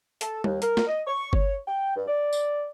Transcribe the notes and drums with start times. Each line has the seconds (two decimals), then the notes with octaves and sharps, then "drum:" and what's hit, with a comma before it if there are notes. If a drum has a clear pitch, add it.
0.21 A4, drum: hi-hat
0.44 D#2, drum: tom G3
0.62 A#4, drum: hi-hat
0.77 drum: snare
0.87 D#5
1.07 C#6
1.33 C#5, drum: kick G1
1.67 G5
1.96 G2
2.07 D5
2.33 drum: tambourine